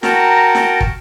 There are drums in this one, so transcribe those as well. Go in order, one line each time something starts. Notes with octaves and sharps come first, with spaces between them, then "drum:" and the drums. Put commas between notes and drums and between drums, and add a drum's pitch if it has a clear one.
F#4 A#4 G5 A5 A#5, drum: snare
drum: snare
drum: kick